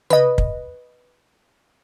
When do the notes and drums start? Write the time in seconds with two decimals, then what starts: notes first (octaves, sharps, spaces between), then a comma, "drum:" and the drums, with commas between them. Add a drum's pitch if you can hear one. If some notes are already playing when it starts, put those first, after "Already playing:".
0.10 B4 D#5, drum: tom C3
0.38 drum: kick